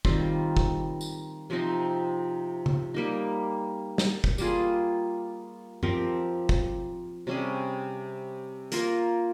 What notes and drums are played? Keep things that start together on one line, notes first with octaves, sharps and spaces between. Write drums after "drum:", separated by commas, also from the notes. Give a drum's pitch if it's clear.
D#3 G3 C4 F4, drum: kick
drum: kick
drum: tambourine
C3 F3 C4 D#4
drum: tom
G3 A#3 D#4
drum: snare
drum: kick
G3 A#3 F4 G#4, drum: tambourine
F3 C4 G4 A#4, drum: tom F#2
drum: kick
C3 G3 C#4 G#4
A#3 F4 A#4, drum: hi-hat